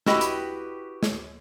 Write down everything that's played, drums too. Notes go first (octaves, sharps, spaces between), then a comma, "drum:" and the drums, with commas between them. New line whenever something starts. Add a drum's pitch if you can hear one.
E4 F#4 G4 B4 D#5, drum: snare
drum: hi-hat
drum: snare